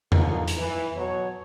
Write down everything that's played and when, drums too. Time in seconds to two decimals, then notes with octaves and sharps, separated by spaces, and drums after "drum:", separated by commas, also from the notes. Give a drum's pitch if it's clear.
0.12 B2 D3 D#3 A#3 D#4 F4, drum: tom E2
0.48 drum: hi-hat
0.57 E3
0.96 B2 F#3 C#5